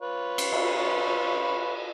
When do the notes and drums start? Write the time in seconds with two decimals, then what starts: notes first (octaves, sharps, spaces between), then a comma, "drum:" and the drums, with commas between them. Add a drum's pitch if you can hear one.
0.01 F4 B4 C#5
0.38 drum: cymbal
0.52 drum: cymbal